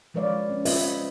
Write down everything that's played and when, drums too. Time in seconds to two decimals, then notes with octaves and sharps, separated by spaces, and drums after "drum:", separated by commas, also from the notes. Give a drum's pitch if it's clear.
0.14 F3 G#3 B4 C#5 D5 F5
0.50 C#4
0.65 F4 B4 C5 D#5 E5, drum: open hi-hat